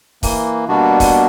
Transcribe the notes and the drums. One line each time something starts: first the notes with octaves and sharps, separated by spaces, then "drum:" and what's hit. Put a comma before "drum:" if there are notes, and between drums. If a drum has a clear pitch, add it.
E3 A#3, drum: kick E1, open hi-hat
B2 G3 A#3 B3 D4 F#4
drum: kick E1, open hi-hat